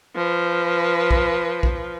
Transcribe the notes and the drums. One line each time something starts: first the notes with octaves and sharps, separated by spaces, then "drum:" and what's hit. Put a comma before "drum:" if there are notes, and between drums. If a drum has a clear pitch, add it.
F3 B4
drum: kick A#1
drum: kick A#1